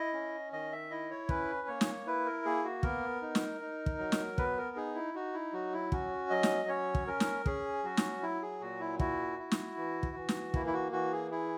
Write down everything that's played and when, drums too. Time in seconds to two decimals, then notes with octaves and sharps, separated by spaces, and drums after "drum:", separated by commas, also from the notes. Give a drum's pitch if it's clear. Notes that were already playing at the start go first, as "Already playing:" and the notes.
Already playing: E4 D#5
0.13 C#4
0.53 D#3 D#5
0.72 E5
0.90 E4 D#5
1.10 C#5
1.29 C#4 B4, drum: kick
1.67 A#3 C#5
1.81 drum: snare
2.07 E4 B4
2.26 A#4
2.45 A#3 G#4
2.64 F#4
2.83 B3 A#4, drum: kick
3.22 D#4
3.35 drum: snare
3.61 D#4
3.86 drum: kick
3.99 F#3
4.12 drum: snare
4.38 B3 B4, drum: kick
4.58 A#4
4.76 D#4 G#4
4.95 E4
5.14 D#4 F#4
5.33 E4
5.53 F#3 F#4
5.73 E4
5.92 C#4 F#4, drum: kick
6.30 F#3 D#5
6.43 drum: snare
6.68 C#4 C#5
6.95 drum: kick
7.07 C#4 A#4
7.20 drum: snare
7.46 C#4 G#4, drum: kick
7.84 F#3 F#4
7.97 drum: snare
8.22 F#3 E4
8.42 G#4
8.61 A#2 F#4
8.80 E4
8.99 E4 F#4, drum: kick
9.39 E4
9.51 drum: snare
9.77 E3
10.03 drum: kick
10.16 E3
10.29 drum: snare
10.54 A#3 E4, drum: kick
10.67 E4
10.73 F#4
10.92 E3 F#4
11.12 G#4
11.31 E4 G#4